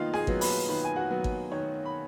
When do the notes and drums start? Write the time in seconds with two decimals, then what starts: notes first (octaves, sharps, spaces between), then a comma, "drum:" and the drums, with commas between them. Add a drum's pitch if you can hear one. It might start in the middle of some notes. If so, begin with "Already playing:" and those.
Already playing: D#3 B3 D#4 F4 F5
0.13 G#4 G#5, drum: snare D#4
0.27 F#3 B3, drum: kick G#1
0.41 B4 B5, drum: open hi-hat
0.69 D#3 B4 B5
0.84 G#5
0.96 F#4 F#5
1.10 F#3 B3
1.24 drum: kick G#1
1.51 D#3 C#5
1.85 B5